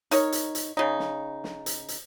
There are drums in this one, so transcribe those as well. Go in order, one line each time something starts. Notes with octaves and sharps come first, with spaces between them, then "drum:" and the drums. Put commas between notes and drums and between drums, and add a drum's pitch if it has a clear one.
D#4 A#4 C#5, drum: hi-hat
drum: hi-hat
drum: hi-hat
C#3 D#4
drum: snare
drum: snare
drum: hi-hat
drum: hi-hat